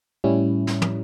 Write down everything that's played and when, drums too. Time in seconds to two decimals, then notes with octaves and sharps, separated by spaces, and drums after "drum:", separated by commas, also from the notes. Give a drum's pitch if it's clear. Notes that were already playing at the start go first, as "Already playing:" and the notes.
0.24 A2 G3 C#4 E4
0.67 drum: snare
0.82 drum: tom